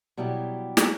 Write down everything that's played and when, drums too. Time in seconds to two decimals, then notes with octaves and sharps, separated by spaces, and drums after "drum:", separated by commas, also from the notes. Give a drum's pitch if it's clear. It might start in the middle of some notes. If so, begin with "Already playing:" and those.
0.17 B2 F#3 G3 E4 G4
0.77 drum: snare